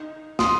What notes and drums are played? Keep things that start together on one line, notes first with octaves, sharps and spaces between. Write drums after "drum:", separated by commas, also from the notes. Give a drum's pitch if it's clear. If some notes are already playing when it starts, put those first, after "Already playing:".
Already playing: D#4
C6 D#6, drum: snare